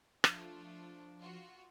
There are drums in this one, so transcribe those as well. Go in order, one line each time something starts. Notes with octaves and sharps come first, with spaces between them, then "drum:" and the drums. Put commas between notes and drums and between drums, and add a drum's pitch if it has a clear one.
F3 A3 D4 F4, drum: rim click
F4 F#4